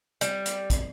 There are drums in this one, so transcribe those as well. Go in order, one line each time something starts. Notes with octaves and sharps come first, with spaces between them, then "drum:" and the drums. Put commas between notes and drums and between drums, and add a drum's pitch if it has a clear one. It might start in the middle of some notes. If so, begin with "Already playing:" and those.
G3, drum: hi-hat
drum: hi-hat
drum: kick, hi-hat